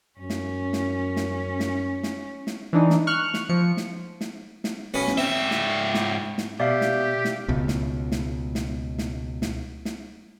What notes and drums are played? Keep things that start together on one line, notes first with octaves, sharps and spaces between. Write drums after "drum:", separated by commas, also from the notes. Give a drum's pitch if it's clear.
F#2 C#4
drum: snare
drum: snare
drum: snare
drum: snare
drum: snare
drum: snare
E3 D4 D#4
drum: snare
C#6 F6 F#6
drum: snare
F3 C#7
drum: snare
drum: snare
drum: snare
B1 C#4 B4
drum: snare
G#2 C4 E5
drum: snare
drum: snare
drum: snare
B2 G4 D5 E5 F5
drum: snare
drum: snare
C#2 B2
drum: snare
drum: snare
drum: snare
drum: snare
drum: snare
drum: snare